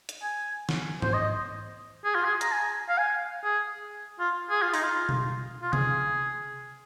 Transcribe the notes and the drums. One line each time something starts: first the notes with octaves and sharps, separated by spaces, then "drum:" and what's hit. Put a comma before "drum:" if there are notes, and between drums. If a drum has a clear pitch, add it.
drum: hi-hat
G#5
drum: snare
C5, drum: tom G#2
D#5
G#4
F4
G#4
A#5, drum: hi-hat
G#5
F5
G#5
G#4
F4
G#4
F4
D#4, drum: open hi-hat
F4
drum: tom B2
F4
G#4, drum: tom C3